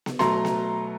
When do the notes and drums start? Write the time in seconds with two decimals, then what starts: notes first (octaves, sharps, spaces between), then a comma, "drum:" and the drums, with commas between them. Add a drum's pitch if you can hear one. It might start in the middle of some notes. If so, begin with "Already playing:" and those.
0.06 drum: snare
0.19 B2 F#3 A3 A#5 C6, drum: snare
0.45 drum: snare